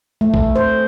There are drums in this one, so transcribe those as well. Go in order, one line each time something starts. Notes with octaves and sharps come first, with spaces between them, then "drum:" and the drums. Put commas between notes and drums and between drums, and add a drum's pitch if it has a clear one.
A3
drum: kick A#1
C5